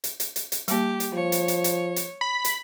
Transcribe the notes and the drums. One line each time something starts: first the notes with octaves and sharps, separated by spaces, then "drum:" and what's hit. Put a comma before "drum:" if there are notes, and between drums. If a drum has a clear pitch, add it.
drum: hi-hat
drum: hi-hat
drum: hi-hat
drum: hi-hat
G3 A#3 G4, drum: hi-hat
drum: hi-hat
F3 C#5
drum: hi-hat
drum: hi-hat
drum: hi-hat
drum: hi-hat
B5
drum: hi-hat